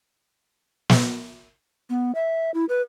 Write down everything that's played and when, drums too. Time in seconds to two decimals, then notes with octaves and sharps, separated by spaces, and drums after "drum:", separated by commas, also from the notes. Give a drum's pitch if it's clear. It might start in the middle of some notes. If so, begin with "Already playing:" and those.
0.90 drum: snare
1.90 B3
2.15 E5
2.54 E4
2.69 B4